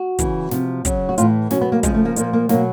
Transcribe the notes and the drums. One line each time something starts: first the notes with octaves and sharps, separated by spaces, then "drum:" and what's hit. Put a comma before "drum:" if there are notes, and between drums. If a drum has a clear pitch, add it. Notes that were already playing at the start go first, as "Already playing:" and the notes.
Already playing: F#4
C#3 E3, drum: kick, hi-hat
C3 F3, drum: snare
C#3 F#3, drum: kick, hi-hat
F#4
A2 E3 F4, drum: hi-hat
B2 F#3 C#4, drum: snare
B3
A#3
C#3 F3 G#3, drum: kick, hi-hat
A3
A#3
A#2 F3 A#3, drum: hi-hat
A#3
B2 F#3 A#3, drum: snare